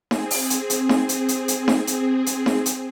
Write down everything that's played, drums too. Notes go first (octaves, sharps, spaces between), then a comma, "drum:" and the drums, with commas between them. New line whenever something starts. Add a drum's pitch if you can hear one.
C4 G#4, drum: snare D#4
drum: open hi-hat
drum: hi-hat
drum: hi-hat
drum: snare D#4
drum: hi-hat
drum: hi-hat
drum: hi-hat
drum: snare D#4
drum: hi-hat
drum: hi-hat
drum: snare D#4
drum: hi-hat